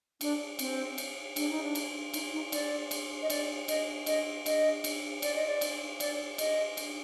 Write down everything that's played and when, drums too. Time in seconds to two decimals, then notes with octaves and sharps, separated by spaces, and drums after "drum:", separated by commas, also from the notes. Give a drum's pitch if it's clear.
0.21 D4, drum: cymbal
0.59 C4, drum: cymbal
0.98 drum: cymbal
1.36 D4, drum: cymbal
1.50 D#4
1.63 D4
1.75 drum: cymbal
2.14 D#4, drum: cymbal
2.33 D#4
2.52 D5, drum: cymbal
2.91 drum: cymbal
3.22 D#5
3.30 D5, drum: cymbal
3.68 D#5, drum: cymbal
4.06 D#5, drum: cymbal
4.46 D#5, drum: cymbal
4.84 drum: cymbal
5.22 D5, drum: cymbal
5.35 D#5
5.47 D5
5.61 drum: cymbal
6.00 D5, drum: cymbal
6.38 D#5, drum: cymbal
6.77 drum: cymbal